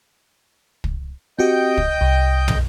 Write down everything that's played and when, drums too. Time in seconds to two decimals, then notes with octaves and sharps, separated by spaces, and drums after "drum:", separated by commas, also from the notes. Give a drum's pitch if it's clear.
0.84 drum: kick
1.39 C4 F#4 G4 D#5 G5 G6
1.78 drum: kick
2.01 C2
2.48 drum: tom